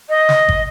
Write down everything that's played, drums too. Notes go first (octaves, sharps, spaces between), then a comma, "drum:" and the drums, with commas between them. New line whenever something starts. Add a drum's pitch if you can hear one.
D#5
drum: snare
drum: kick